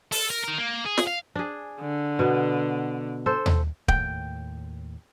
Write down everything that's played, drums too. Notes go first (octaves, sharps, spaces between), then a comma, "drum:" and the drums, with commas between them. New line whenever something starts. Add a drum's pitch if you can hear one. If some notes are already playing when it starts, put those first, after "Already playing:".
A4, drum: open hi-hat
A#4
D#4 A#4
A#3
G#4
drum: snare
F5
D4 G#4
D3
B2 B3
A4 C5
drum: tom D#2
D#2 A2 G5, drum: kick